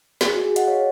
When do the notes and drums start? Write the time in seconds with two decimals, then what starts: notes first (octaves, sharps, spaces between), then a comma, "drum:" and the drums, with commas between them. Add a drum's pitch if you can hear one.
0.21 G#4, drum: snare
0.33 F#4
0.45 G#4
0.56 D#5 F#5, drum: hi-hat
0.68 C#5 F5